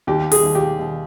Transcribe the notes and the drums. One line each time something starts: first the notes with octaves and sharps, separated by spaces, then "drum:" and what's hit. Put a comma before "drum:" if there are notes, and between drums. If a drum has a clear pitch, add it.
D#2 G4
G#4, drum: open hi-hat
D#2
G4
D#2